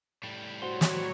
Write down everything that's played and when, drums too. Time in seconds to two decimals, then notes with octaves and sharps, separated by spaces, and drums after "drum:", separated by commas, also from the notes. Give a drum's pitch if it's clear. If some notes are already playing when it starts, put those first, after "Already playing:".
0.23 A2 G3
0.62 F#3 F#4 C5 C#5
0.81 drum: snare